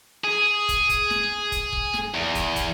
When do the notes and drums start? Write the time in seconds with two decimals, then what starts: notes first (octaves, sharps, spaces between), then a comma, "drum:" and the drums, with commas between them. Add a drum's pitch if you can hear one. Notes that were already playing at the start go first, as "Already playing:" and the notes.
0.24 G#4
0.69 drum: kick, hi-hat
0.89 drum: kick, hi-hat
1.10 drum: snare
1.52 drum: kick, hi-hat
1.73 drum: kick
1.93 drum: snare
2.14 E2
2.35 drum: kick, hi-hat
2.56 drum: kick, hi-hat